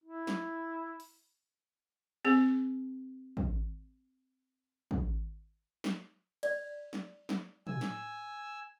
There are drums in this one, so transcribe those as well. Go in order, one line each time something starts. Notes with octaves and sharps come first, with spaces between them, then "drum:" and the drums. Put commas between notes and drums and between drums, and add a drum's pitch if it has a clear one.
E4
drum: snare
drum: open hi-hat
C4 G#4
drum: kick
drum: kick
drum: snare
D5, drum: cymbal
drum: snare
drum: snare
G#5 E6, drum: tom
drum: snare